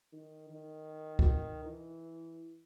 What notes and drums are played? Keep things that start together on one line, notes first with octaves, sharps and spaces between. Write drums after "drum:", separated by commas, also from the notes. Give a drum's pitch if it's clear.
D#3
D#3
drum: kick C#2
E3